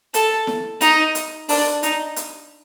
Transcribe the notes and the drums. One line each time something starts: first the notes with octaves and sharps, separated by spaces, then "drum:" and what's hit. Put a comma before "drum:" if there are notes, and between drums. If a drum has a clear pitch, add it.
A4, drum: hi-hat
drum: snare E4
D#4, drum: hi-hat
drum: hi-hat
D4, drum: open hi-hat
D#4, drum: hi-hat
drum: hi-hat